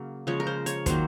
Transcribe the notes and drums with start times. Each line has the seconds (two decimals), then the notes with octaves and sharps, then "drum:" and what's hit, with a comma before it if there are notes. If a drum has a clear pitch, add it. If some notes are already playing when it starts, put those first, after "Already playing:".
Already playing: C#3 F#3 A#3
0.27 C#3 F3 G#3 C#5
0.40 A#4
0.47 C5
0.66 C#5, drum: hi-hat
0.86 D#3 F#3 A#3 C5, drum: kick, hi-hat